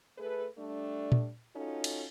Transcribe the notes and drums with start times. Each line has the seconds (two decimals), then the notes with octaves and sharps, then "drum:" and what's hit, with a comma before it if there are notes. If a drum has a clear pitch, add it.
0.18 A3 G#4 A4 B4
0.57 G3 A3 D4
1.12 drum: tom A#2
1.55 C#4 D#4 F4 F#4 A4
1.84 drum: cymbal